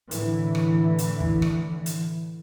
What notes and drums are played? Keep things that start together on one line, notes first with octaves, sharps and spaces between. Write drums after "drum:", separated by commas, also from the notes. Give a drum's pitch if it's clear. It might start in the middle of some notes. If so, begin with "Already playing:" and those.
A2 D3 E3, drum: hi-hat
drum: rim click
drum: hi-hat
drum: kick
drum: rim click
drum: hi-hat